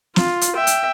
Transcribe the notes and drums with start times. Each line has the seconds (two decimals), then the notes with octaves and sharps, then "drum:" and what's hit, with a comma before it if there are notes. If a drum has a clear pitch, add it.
0.16 F4, drum: snare
0.41 drum: hi-hat
0.56 E5 G5
0.67 drum: hi-hat